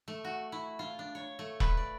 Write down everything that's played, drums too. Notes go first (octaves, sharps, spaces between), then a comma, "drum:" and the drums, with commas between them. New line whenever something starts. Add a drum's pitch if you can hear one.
A3
F#4
E4
F4
D4
C#5
A3
B4, drum: kick E1
D5